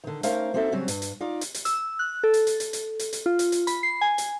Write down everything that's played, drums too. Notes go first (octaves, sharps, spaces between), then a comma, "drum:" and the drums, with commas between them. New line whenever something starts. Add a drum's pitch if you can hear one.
D3 D#3
A3 C#4 D#4 A#4 C5 F5, drum: hi-hat
A#3 C4 D#4 F#4 A4 E5
C#3 F#3 G3 C4 C#4
G2, drum: hi-hat
drum: hi-hat
D#4 F4 D5
drum: hi-hat
drum: hi-hat
E6, drum: hi-hat
F#6
A4
drum: hi-hat
drum: hi-hat
drum: hi-hat
drum: hi-hat
drum: hi-hat
drum: hi-hat
F4
drum: hi-hat
drum: hi-hat
B5, drum: hi-hat
C7
G#5
drum: hi-hat